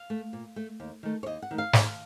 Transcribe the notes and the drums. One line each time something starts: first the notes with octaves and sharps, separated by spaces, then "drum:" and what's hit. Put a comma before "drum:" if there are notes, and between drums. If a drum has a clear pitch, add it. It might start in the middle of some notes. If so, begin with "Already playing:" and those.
Already playing: F5
A3
A#2
A3
D#2
D#3 A3
C#5
D#2 D#5
F#5
D#3 A3
F5
D#2, drum: snare